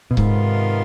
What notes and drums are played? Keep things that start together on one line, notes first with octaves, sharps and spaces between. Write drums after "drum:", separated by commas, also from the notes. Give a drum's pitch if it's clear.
B2
G#2 C3 D#3 B3 F4, drum: kick C#1